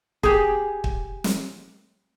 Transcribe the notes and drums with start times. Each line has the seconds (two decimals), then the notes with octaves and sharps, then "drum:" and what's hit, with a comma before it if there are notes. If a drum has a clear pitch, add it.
0.23 G4 G#4, drum: kick
0.84 drum: kick
1.24 drum: snare